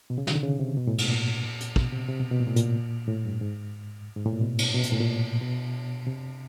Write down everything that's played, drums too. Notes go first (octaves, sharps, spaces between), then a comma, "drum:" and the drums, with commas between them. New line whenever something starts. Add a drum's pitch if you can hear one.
B2
C#3
D#3, drum: snare
D3
C#3
C3
B2
A2
G#2, drum: cymbal
A#2
drum: hi-hat
B2, drum: kick
C3
C3
B2
B2
A#2
A2
A#2, drum: hi-hat
A2
G2
G#2
G#2
A2
A#2
B2
drum: cymbal
B2
A#2, drum: hi-hat
A2
A#2
B2
C3